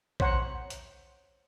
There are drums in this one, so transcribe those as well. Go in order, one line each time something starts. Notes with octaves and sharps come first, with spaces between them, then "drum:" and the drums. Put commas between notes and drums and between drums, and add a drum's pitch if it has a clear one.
C5 C#5 F#5 A#5, drum: kick A#1
drum: hi-hat